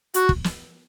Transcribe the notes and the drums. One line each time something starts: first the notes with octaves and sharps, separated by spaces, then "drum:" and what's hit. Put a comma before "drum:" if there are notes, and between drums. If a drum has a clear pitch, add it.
F#4, drum: hi-hat
drum: kick
drum: snare